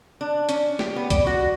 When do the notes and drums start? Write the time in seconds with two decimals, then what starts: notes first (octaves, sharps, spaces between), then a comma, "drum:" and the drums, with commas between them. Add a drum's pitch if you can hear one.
0.21 D4
0.49 C#4, drum: hi-hat
0.79 G4, drum: snare
0.96 B3
1.10 D5, drum: kick C2, hi-hat
1.27 F#4